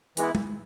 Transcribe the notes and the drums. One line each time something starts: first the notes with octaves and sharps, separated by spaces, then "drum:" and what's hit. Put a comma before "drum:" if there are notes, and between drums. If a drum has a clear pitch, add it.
E3 G#3 B3 E4, drum: hi-hat
drum: tom G#3